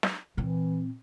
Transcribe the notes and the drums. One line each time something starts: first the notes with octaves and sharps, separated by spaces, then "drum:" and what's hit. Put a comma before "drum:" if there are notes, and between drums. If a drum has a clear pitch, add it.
drum: snare
A#2 E3 C4